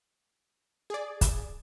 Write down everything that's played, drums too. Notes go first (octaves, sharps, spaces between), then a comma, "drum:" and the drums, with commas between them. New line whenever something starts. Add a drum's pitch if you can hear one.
G#4 D5
drum: kick, hi-hat